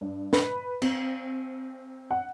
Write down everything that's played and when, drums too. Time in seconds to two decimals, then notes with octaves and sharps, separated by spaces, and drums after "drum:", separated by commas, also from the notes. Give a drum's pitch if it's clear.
0.01 G2
0.33 B4, drum: snare
0.82 C4, drum: cymbal
2.11 F#5